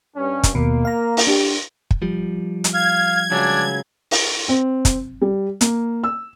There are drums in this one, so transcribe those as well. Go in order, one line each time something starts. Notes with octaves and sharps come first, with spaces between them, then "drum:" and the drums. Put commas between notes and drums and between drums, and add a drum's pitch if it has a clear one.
G2 C#4
drum: kick, hi-hat
D#2 B2 A#3
F5 A#5
drum: open hi-hat
D4 G4
drum: kick
F3 G3
drum: hi-hat
F5 G#6
C#2 C#3 F#3 D4
drum: open hi-hat
C4
drum: kick, hi-hat
G3
A#3, drum: hi-hat
E6